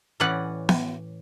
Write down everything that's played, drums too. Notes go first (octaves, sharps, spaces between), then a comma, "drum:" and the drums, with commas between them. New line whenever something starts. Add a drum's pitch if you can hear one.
A2 E3 C#4 B4 D5 F#5
drum: snare B3